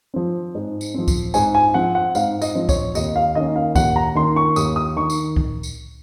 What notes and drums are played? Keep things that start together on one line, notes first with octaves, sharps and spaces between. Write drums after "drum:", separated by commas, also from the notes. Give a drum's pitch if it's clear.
F3 C4
G#2
drum: tambourine
F3 C4
drum: kick C#2, tambourine
G#2 G#5, drum: tambourine
G#5
F3 C4 F#5
F#5
G#2 F5, drum: tambourine
D#5, drum: tambourine
F3 C4
C#5, drum: kick C#2, tambourine
D#2 D#5, drum: tambourine
F5
D#3 A#3 C#4 D#5
F5
D#2 F#5, drum: kick C#2, tambourine
A#5
D#3 A#3 C#4 C6
C#6
D#2 D#6, drum: tambourine
D#6
D#3 C#6
drum: tambourine
drum: kick C#2
drum: tambourine